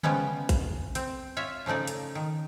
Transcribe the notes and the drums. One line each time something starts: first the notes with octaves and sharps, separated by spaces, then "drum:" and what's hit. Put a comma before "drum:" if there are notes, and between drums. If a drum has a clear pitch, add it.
C#3 F3 G3 G#3 B3 C#4, drum: tom D3
drum: kick A1, hi-hat
C4, drum: hi-hat
F4 C#5 E5
C#3 F3 A3 D#4 D5
drum: hi-hat
D#3